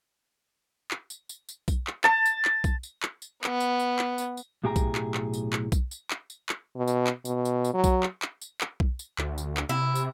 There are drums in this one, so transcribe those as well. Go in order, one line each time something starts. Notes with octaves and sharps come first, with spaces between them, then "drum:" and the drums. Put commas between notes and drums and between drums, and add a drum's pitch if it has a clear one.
drum: clap
drum: tambourine
drum: tambourine
drum: tambourine
drum: kick B1, tambourine
drum: clap
A5, drum: clap
drum: tambourine
drum: clap
drum: kick B1, tambourine
drum: tambourine
drum: clap
drum: tambourine
B3, drum: clap
drum: tambourine
drum: tambourine
drum: clap
drum: tambourine
drum: tambourine
B1 A2 G4 G#4 G5 A#5
drum: kick B1, tambourine
drum: clap
drum: clap
drum: tambourine
drum: clap
drum: kick B1, tambourine
drum: tambourine
drum: clap
drum: tambourine
drum: clap
B2
drum: tambourine
drum: clap
B2, drum: tambourine
drum: tambourine
drum: tambourine
F#3
drum: kick B1, tambourine
drum: clap
drum: clap
drum: tambourine
drum: clap
drum: kick B1
drum: tambourine
D2, drum: clap
drum: tambourine
drum: clap
C3 E4
drum: tambourine